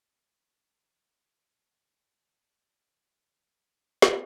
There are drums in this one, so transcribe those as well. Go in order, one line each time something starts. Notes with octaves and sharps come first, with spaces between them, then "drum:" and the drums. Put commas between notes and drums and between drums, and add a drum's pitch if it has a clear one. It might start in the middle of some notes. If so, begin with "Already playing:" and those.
G2 A#2 F#3 D5 A5
C#4
A#3
D#3 G3 A#3 C#4
F#3 G#3 F4 G4
G#5
A4 D5
drum: snare